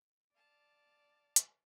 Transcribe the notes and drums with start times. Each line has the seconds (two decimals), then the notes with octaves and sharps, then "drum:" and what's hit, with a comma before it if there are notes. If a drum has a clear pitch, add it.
0.34 D5 F5 A5
1.36 drum: hi-hat